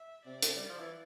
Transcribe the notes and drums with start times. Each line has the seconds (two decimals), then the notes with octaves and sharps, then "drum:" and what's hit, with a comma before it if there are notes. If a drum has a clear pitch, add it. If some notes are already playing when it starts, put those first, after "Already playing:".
Already playing: E5
0.26 C3 D5
0.42 drum: hi-hat
0.58 G3
0.69 F3
0.79 E3